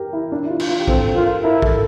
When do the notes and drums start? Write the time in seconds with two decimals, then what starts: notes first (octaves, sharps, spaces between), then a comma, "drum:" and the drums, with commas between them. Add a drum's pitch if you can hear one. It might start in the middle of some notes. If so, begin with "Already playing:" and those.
Already playing: G4 A#4
0.13 E4
0.32 D4
0.46 E4
0.50 F4
0.60 drum: cymbal
0.69 F4
0.79 G4
0.88 C4 A4, drum: kick
1.16 F4 A#4
1.44 E4 A#4
1.62 A4, drum: kick